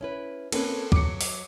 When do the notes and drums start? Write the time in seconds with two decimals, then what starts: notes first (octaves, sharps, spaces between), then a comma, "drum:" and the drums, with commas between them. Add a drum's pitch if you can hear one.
0.01 C#4 E4 B4
0.52 A#3 C4 C#4 A4 B4, drum: cymbal
0.92 F#3 D6 C#7, drum: kick
1.21 drum: open hi-hat